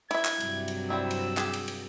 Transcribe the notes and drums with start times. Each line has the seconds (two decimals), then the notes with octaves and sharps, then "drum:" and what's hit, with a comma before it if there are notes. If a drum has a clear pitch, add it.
0.11 E4 E5 G#6, drum: cymbal
0.25 drum: clap
0.40 G2 C3 F#3, drum: cymbal
0.68 drum: cymbal
0.90 G3 C4 E4 E6
1.11 drum: cymbal
1.37 G4 G#4, drum: clap
1.53 drum: cymbal
1.68 drum: cymbal